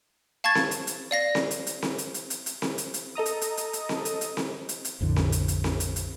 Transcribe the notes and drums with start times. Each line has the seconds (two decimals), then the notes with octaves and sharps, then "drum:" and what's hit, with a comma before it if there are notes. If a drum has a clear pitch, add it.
0.44 F5 A5 C#6 G#6 A6
0.55 drum: snare C4
0.71 drum: hi-hat
0.87 drum: hi-hat
1.11 D5 F5 A#6
1.35 drum: snare C4
1.51 drum: hi-hat
1.67 drum: hi-hat
1.82 drum: snare C4
1.98 drum: hi-hat
2.14 drum: hi-hat
2.30 drum: hi-hat
2.46 drum: hi-hat
2.62 drum: snare C4
2.78 drum: hi-hat
2.94 drum: hi-hat
3.15 A4 D#5 A#5 D#6
3.26 drum: hi-hat
3.41 drum: hi-hat
3.57 drum: hi-hat
3.73 drum: hi-hat
3.89 drum: snare C4
4.05 drum: hi-hat
4.21 drum: hi-hat
4.37 drum: snare C4
4.69 drum: hi-hat
4.85 drum: hi-hat
5.00 A#1 F2 A2 D3
5.16 drum: snare C4
5.32 drum: hi-hat
5.48 drum: hi-hat
5.64 drum: snare C4
5.80 drum: hi-hat
5.96 drum: hi-hat